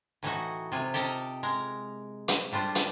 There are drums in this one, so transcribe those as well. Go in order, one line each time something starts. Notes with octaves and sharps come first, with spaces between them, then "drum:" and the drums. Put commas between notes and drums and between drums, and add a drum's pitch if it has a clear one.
A2 E3 D#4 F#4
C3 F4 G#5
G4 A4 A#4 D#5 G5
G#3 A#4
drum: hi-hat
A2 G3 D4 F4 C5
drum: hi-hat